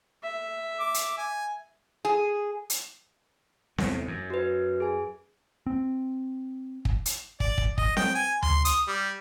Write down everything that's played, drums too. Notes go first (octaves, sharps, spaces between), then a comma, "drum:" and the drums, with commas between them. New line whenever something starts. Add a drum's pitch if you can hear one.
E5
D6
drum: hi-hat
G#5
G#4
drum: hi-hat
E2 A2 C3, drum: snare C4
F#2
F#4 B4
G#4 G#5
C4
drum: kick
drum: hi-hat
D5, drum: kick
drum: kick
D#5, drum: kick
G5, drum: snare C4
G#5
C6, drum: tom D2
D#6, drum: hi-hat
G3